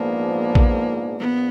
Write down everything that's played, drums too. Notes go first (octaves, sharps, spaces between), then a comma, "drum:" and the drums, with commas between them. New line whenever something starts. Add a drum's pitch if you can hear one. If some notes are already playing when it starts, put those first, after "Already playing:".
Already playing: A#1 G#2 F3 A#3 B3 D4
drum: kick A#1
A#1 A#2 B3